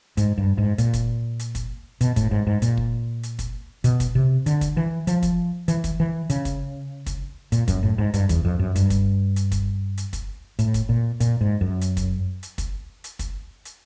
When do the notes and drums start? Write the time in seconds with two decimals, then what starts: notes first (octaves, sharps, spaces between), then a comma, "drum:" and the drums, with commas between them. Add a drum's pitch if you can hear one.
0.17 G#2, drum: hi-hat
0.38 G2
0.58 G#2
0.78 A#2, drum: hi-hat
0.94 drum: kick, hi-hat
1.40 drum: hi-hat
1.55 drum: kick, hi-hat
2.01 B2, drum: hi-hat
2.16 A2, drum: kick, hi-hat
2.31 G#2
2.47 G#2
2.62 A#2, drum: hi-hat
2.77 drum: kick
3.23 drum: hi-hat
3.39 drum: kick, hi-hat
3.84 B2, drum: hi-hat
4.00 drum: kick, hi-hat
4.15 C3
4.46 D3, drum: hi-hat
4.61 drum: kick, hi-hat
4.77 E3
5.07 F3, drum: hi-hat
5.23 drum: kick, hi-hat
5.68 E3, drum: hi-hat
5.84 drum: kick, hi-hat
6.00 E3
6.30 C#3, drum: hi-hat
6.45 drum: kick, hi-hat
7.06 drum: kick, hi-hat
7.52 A#2, drum: hi-hat
7.68 F#2, drum: kick, hi-hat
7.83 A2
7.98 G#2
8.14 G2, drum: hi-hat
8.29 E2, drum: kick, hi-hat
8.45 F2
8.59 F#2
8.76 G2, drum: hi-hat
8.90 drum: kick, hi-hat
9.36 drum: hi-hat
9.52 drum: kick, hi-hat
9.98 drum: hi-hat
10.13 drum: kick, hi-hat
10.59 A2, drum: hi-hat
10.74 drum: kick, hi-hat
10.89 A#2
11.20 A#2, drum: hi-hat
11.41 G#2
11.61 F#2
11.81 drum: hi-hat
11.97 drum: kick, hi-hat
12.43 drum: hi-hat
12.58 drum: kick, hi-hat
13.04 drum: hi-hat
13.19 drum: kick, hi-hat
13.65 drum: hi-hat